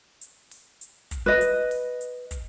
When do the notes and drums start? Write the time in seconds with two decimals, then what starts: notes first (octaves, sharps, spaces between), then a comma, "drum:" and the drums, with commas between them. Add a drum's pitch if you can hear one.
0.21 drum: hi-hat
0.51 drum: open hi-hat
0.81 drum: hi-hat
1.11 drum: kick, hi-hat
1.26 B4 D#5
1.41 drum: hi-hat
1.71 drum: open hi-hat
2.01 drum: hi-hat
2.31 drum: kick, hi-hat